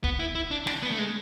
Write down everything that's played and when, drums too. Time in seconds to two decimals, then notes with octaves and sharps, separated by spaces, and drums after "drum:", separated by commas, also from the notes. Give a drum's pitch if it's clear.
0.04 B3, drum: kick
0.19 E4
0.35 E4
0.51 D4
0.67 D4, drum: snare
0.83 B3
0.91 A3
0.99 G#3